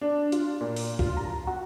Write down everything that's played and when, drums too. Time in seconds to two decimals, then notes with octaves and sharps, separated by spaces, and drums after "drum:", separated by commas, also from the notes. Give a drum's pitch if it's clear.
0.01 D4
0.32 F4, drum: hi-hat
0.61 A#2
0.76 drum: open hi-hat
0.99 F4, drum: kick
1.17 A#5
1.47 F#4